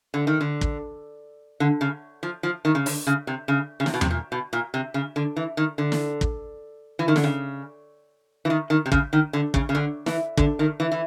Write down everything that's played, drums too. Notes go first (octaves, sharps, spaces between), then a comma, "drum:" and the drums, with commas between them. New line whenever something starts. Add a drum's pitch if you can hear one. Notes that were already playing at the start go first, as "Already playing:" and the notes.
D3
D#3
D3
drum: kick
D3
C#3
F3
F3
D#3
C#3
D3, drum: open hi-hat
C#3
C3
C#3
C#3
C3, drum: snare
B2
C3, drum: tom E2
A#2
B2
A#2
C3
C#3
D3
E3
D#3
D3
drum: snare
drum: kick
E3
D#3
D3, drum: snare
C#3
E3
D#3
D#3
C3
C#3, drum: kick
D#3
D3
C#3, drum: kick
C#3
D3
E3, drum: snare
D3, drum: kick
D#3
E3
E3